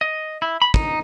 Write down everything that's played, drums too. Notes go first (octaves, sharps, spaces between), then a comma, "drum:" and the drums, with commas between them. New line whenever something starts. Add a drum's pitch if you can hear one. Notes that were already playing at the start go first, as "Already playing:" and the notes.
D#5
E4
B5
D#4, drum: kick